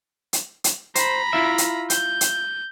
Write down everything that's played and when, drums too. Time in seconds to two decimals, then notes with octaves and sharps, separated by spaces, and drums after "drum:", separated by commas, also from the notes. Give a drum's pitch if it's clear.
0.33 drum: hi-hat
0.64 drum: hi-hat
0.95 C5 A#5 B5, drum: hi-hat
1.33 E4 F4 E5
1.58 drum: hi-hat
1.90 G6, drum: hi-hat
2.21 drum: hi-hat